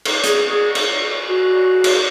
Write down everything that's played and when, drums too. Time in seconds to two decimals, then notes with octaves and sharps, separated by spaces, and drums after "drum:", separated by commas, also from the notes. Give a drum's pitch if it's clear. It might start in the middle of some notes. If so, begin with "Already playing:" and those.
0.05 drum: cymbal
0.24 G#4, drum: hi-hat
0.50 G#4
0.75 drum: cymbal
1.30 F#4
1.84 drum: cymbal